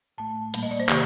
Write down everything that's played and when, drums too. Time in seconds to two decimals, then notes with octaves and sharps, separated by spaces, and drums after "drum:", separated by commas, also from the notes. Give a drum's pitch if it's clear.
0.18 A2 A3 A5
0.54 A#2 G3 A#3, drum: hi-hat
0.63 D#5
0.71 D5
0.80 C5
0.89 C3 D#3 A#3 G4, drum: clap